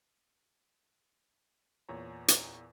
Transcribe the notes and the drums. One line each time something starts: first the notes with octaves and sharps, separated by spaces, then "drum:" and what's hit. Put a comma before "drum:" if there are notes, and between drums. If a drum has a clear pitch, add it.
E2 A#2 C#5 A#5
drum: hi-hat